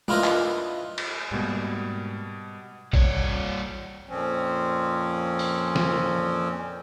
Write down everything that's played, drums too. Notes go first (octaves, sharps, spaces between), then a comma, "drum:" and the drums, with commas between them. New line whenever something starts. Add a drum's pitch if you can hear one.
D4 E4 F4 A#4 B4 D#5, drum: tom
drum: clap
drum: cymbal
G#2 B2 G3 A#3
G3 C#5, drum: kick
F2 A#2 F3 C4 C#4
drum: open hi-hat
drum: snare